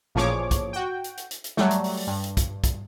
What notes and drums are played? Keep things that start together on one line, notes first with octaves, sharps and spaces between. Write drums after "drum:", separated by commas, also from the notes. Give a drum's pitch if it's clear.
A1 A#2 F3 G#4 C#5 D6
drum: kick B1, hi-hat
F#4 G5
drum: hi-hat
drum: hi-hat
drum: hi-hat
drum: hi-hat
F#3 G3 A3, drum: snare
drum: hi-hat
drum: open hi-hat
drum: open hi-hat
G2
drum: hi-hat
drum: kick B1, hi-hat
drum: kick B1, hi-hat